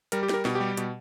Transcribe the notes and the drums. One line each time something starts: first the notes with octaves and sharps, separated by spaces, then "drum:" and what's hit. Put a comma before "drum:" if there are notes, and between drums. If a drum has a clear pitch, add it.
G3 A#4, drum: hi-hat
G4
G3 A#4, drum: snare
B2, drum: snare
G4
G3
B2, drum: hi-hat